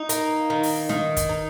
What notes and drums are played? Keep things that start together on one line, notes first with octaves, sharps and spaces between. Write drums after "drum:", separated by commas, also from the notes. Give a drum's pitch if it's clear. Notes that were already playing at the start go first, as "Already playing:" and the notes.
Already playing: D#4
A#3, drum: hi-hat
D#3
drum: open hi-hat
D#3, drum: snare
drum: kick, hi-hat
D#4